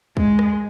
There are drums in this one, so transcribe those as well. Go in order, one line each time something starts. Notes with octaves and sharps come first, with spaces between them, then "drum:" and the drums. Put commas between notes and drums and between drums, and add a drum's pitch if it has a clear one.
G#3, drum: kick
drum: rim click